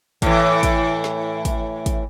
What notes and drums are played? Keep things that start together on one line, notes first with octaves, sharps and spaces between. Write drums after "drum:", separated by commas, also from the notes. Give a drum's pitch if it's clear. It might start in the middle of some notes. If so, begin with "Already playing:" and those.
A2 E3, drum: kick, hi-hat
drum: kick, hi-hat
drum: snare
drum: kick, hi-hat
drum: kick, hi-hat